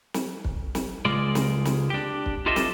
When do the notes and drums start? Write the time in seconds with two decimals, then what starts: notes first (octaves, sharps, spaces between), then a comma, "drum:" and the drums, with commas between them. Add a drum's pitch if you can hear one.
0.14 drum: snare
0.44 drum: kick
0.75 drum: snare
1.05 C#2 G#3 F4 D5
1.35 drum: snare
1.65 drum: snare
1.90 D4 G4
2.26 drum: kick
2.46 F4 G4 A4 C5 D#5 E5
2.56 drum: snare